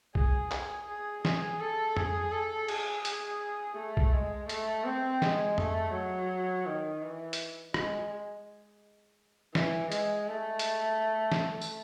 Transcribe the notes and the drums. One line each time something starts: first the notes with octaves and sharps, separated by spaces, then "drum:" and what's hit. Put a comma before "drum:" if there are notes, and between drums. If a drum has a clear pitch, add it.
G#4, drum: kick B1
G#4, drum: clap
G#4
G#4, drum: snare
A4
G#4, drum: tom F2
A4
G#4, drum: cymbal
G#4, drum: hi-hat
A3
drum: kick B1
G#3
A3, drum: hi-hat
C4
G#3, drum: snare
A3, drum: tom F2
F#3
D#3
E3
drum: hi-hat
G#3, drum: rim click
E3, drum: snare
G#3, drum: hi-hat
A3
drum: hi-hat
drum: snare
drum: tambourine